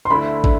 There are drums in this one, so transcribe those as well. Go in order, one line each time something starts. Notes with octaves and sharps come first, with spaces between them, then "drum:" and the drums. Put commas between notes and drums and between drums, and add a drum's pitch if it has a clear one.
C6
D2 D3 A3 E4 B5
D3, drum: kick